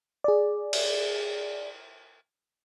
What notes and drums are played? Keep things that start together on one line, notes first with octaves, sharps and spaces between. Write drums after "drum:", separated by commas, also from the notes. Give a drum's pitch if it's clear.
G#4 D5
drum: cymbal